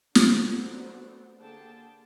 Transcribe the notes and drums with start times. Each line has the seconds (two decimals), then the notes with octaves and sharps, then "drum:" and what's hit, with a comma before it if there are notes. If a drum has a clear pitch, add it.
0.15 F#3 A3 B3 C4 D4 F#4, drum: snare
1.39 D3 A#3 G4 G#4 G5 A5